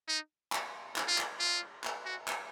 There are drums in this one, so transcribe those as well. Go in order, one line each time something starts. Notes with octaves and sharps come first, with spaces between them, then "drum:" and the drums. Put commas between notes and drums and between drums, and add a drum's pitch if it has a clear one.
D#4
drum: clap
drum: clap
F4
drum: clap
F4
drum: clap
F#4
drum: clap